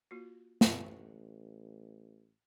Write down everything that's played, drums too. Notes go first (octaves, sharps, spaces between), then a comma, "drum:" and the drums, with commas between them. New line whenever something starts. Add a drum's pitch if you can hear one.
A#3 F4 F#4
A1 B4, drum: snare